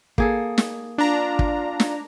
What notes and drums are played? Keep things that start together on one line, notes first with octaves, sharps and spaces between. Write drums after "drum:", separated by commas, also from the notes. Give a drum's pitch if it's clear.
A#3 G#4 A4, drum: kick
drum: snare
D4 F4 D5 F5 A#5
drum: kick
drum: snare